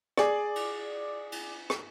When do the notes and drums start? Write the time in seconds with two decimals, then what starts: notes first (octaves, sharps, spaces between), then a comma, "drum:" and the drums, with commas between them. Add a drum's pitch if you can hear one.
0.18 G#4 D5, drum: rim click
0.56 drum: cymbal
1.32 drum: cymbal
1.70 drum: rim click